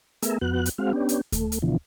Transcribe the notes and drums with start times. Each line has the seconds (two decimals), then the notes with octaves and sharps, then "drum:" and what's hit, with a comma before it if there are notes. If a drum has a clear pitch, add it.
0.22 A3 B3 G#4 A#4 E5, drum: hi-hat
0.41 F2 B3 F#4 F#6
0.66 drum: hi-hat
0.78 G#3 C4 F#4 F5
0.93 B3 C#4 D4 G4
1.09 drum: hi-hat
1.32 A3, drum: kick D2, hi-hat
1.52 drum: hi-hat
1.62 B2 D3 E3 F3